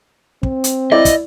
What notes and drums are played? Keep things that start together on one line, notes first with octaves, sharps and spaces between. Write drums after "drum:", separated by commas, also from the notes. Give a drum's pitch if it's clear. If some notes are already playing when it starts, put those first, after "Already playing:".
C4, drum: kick
drum: hi-hat
E4 D5 D#5
drum: kick, hi-hat